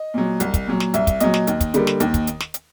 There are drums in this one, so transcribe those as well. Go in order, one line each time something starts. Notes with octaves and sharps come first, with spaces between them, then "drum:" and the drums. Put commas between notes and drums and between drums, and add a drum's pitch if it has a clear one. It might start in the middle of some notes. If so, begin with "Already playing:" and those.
Already playing: D#5
A#2 F#3
C2, drum: hi-hat
drum: kick, hi-hat
A#2 F#3
drum: snare
C2 E5, drum: hi-hat
drum: kick, hi-hat
A#2 F#3 D#5, drum: hi-hat
drum: snare
D#2, drum: hi-hat
drum: kick, hi-hat
D3 G3 A#3, drum: hi-hat
drum: snare
D#2, drum: hi-hat
drum: kick, hi-hat
drum: hi-hat
drum: snare
drum: hi-hat